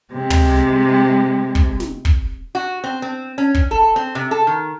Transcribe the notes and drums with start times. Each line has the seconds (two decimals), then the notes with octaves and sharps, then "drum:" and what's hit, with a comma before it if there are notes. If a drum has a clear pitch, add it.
0.13 C3 G#3
0.30 drum: tom
1.55 drum: kick
1.80 drum: snare
2.05 drum: kick
2.55 F#4
2.84 C4
3.02 C4
3.38 C#4
3.54 drum: kick
3.71 A4
3.96 C4
4.15 C3
4.31 A4
4.47 D#3